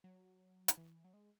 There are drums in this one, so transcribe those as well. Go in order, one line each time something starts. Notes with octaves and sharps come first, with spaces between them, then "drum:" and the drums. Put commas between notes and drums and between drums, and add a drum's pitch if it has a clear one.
F#3
drum: hi-hat
E3
F#3
G#3